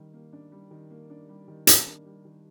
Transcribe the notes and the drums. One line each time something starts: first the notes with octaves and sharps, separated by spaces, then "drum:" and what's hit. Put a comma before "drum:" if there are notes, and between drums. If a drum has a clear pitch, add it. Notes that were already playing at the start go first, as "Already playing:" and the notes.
Already playing: D#3 G3
A#3
D4
G3
D#3
A#3
D4
G3
D#3
A#3, drum: hi-hat
D4
G3
D#3